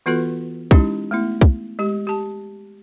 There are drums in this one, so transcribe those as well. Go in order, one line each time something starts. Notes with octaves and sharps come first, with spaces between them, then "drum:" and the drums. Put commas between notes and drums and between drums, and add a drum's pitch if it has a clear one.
E3 B3 F4 F#4 A4 B4
G#3 C#4 D#4 E4 G4, drum: kick
A3 B3 E4
drum: kick
G#3 G4
G4 A5